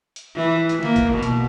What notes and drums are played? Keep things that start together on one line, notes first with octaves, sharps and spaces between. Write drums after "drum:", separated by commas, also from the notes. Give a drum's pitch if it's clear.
drum: hi-hat
E3
drum: hi-hat
A#3, drum: snare
drum: kick, hi-hat
B2
drum: hi-hat